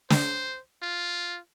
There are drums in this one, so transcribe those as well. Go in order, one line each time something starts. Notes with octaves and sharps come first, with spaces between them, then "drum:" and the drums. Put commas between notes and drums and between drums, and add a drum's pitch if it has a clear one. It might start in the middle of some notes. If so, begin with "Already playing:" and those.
C5, drum: snare
F4